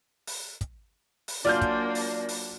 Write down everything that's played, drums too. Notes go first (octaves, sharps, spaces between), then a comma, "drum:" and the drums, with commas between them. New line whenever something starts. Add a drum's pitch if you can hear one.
drum: open hi-hat
drum: kick, hi-hat
drum: open hi-hat
F#3 A#3 D4 F4 D5 G#5 F6 G6
drum: kick, hi-hat
drum: open hi-hat
drum: open hi-hat